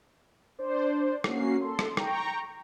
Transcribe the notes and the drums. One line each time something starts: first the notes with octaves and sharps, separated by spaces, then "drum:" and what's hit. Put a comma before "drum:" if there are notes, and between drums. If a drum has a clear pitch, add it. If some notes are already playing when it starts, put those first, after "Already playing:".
D4 C5 D5
A#3 C#4 F#4 C7, drum: rim click
A4 C6
drum: rim click
G5 A#5 C#6, drum: rim click